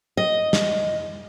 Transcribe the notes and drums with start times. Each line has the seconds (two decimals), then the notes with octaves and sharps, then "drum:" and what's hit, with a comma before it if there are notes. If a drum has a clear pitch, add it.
0.17 D#5
0.53 drum: snare